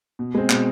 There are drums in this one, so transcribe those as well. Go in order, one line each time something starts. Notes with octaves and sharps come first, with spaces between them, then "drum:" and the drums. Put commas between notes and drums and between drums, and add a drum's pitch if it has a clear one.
B2
G#3 C4
B2, drum: clap